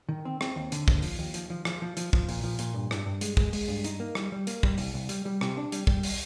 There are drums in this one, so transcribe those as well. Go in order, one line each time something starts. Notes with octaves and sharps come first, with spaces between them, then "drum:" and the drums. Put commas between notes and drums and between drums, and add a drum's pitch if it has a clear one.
D#3
C4
C4, drum: rim click
D#2
D3, drum: hi-hat
D#2, drum: kick
F3, drum: open hi-hat
D#2
F3, drum: hi-hat
F3
F3, drum: rim click
F3
F3, drum: hi-hat
F3, drum: kick
A#2, drum: open hi-hat
F3
A#2, drum: hi-hat
G2
G2, drum: rim click
G2
G#3, drum: hi-hat
G#3, drum: kick
G#3, drum: open hi-hat
G2
D#4, drum: hi-hat
A#3
G3, drum: rim click
G3
A#3, drum: hi-hat
G3, drum: kick
C2, drum: open hi-hat
C2
G3, drum: hi-hat
G3
C3, drum: rim click
D4
G3, drum: hi-hat
G3, drum: kick
drum: open hi-hat